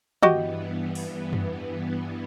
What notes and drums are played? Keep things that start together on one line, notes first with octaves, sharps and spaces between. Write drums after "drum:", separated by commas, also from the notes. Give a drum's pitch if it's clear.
G2 E3 B3 F#4 G4 D#5, drum: tom
drum: open hi-hat
drum: tom